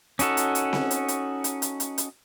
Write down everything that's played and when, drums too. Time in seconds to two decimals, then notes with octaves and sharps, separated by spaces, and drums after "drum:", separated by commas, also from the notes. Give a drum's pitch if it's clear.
0.19 C#4 D#4 F#4 A4, drum: hi-hat
0.37 drum: hi-hat
0.55 drum: hi-hat
0.73 drum: snare C4
0.91 drum: hi-hat
1.08 drum: hi-hat
1.44 drum: hi-hat
1.62 drum: hi-hat
1.80 drum: hi-hat
1.98 drum: hi-hat